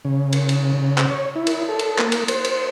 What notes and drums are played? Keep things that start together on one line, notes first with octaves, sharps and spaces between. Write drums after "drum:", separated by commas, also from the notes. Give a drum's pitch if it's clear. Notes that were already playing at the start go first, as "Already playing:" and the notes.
C#3
drum: cymbal
drum: cymbal
C#3
drum: clap
C#5
E4
drum: cymbal
A4
drum: cymbal
A#3, drum: clap
drum: cymbal
C5, drum: cymbal
drum: cymbal